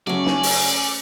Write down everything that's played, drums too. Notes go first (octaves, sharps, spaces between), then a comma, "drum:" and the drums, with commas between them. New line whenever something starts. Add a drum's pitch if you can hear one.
C#3 F#3 A3 C#4 D5
G#5, drum: snare
drum: open hi-hat